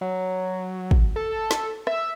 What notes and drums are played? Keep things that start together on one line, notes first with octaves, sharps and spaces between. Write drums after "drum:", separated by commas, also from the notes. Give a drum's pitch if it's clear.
F#3
drum: kick
A4
drum: snare
E5, drum: rim click